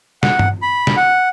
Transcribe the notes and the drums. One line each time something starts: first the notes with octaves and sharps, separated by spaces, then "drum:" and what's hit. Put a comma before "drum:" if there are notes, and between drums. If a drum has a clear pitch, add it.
F#5, drum: snare
drum: tom
B5
drum: snare
F#5